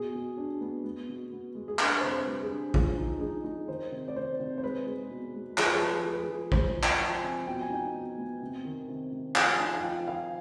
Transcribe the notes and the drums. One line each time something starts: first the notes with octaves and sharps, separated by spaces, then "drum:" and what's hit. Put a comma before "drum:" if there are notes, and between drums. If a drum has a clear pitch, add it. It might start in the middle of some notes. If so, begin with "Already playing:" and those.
Already playing: B2 G#4
B2
D4
B3
B3
B2
B3
G#3
G#4
D4 B4, drum: clap
C3 C5
B4
G3
G#4
D4
F3 G#4, drum: kick
D#4
D#4 G#4
D#4
D#3 C5
C3
D5
C3 C5
C3
C5
G#3 B4
G#3
B2
G#3
F3 G#4, drum: clap
B4
G#4
F3 B4
G#4
F3 G#4
B4
G#4
F3
G#3 C5, drum: kick
F3
G5, drum: clap
F3
G#5
C3
B2 G5
G#5
D#4 G5
B2
B3
C3
D#3
C3
C3
F3 G#5, drum: clap
D#4 G#5
F5
F3 G5
F3 F5